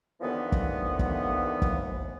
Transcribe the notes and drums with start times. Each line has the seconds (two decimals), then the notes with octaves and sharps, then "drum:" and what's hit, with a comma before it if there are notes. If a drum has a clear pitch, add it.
0.21 D#2 D3 E3 F3 B3
0.52 drum: kick
0.99 drum: kick
1.62 drum: kick